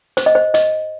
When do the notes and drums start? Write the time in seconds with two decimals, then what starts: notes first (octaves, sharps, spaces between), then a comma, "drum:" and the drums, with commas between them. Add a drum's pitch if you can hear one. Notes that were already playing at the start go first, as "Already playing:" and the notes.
0.17 C5, drum: hi-hat
0.26 D#5
0.35 C5
0.54 D#5, drum: hi-hat